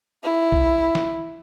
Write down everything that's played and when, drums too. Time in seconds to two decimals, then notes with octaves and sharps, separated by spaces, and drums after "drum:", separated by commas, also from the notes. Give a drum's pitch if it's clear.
0.24 E4
0.52 drum: kick B1
0.95 drum: snare